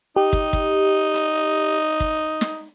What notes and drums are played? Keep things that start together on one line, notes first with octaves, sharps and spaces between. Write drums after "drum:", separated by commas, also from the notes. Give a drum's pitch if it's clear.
D#4 G4
drum: kick
drum: kick
drum: hi-hat
drum: kick
drum: snare